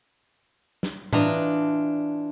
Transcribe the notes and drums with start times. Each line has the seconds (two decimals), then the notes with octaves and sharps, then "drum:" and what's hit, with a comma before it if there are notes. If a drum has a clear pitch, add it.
0.83 drum: snare
1.13 E3 D4 F4 D#5 A#5, drum: tom A2